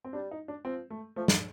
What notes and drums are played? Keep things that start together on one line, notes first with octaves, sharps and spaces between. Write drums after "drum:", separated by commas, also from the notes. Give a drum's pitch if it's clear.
C4
G3 D4
D#4
D4
F3 C4
A3
F3 A3
drum: snare